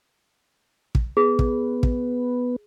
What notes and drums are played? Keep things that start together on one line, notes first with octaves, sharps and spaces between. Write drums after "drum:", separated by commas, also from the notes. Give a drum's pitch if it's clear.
drum: kick
B3 G#4
drum: kick
drum: kick